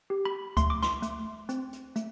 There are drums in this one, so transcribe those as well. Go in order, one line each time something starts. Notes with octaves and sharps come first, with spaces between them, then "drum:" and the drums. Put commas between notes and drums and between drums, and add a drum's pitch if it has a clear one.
G4
B5
A3 C6, drum: kick D2, hi-hat
D6
C6, drum: snare
A3, drum: hi-hat
C4, drum: hi-hat
drum: hi-hat
A3, drum: hi-hat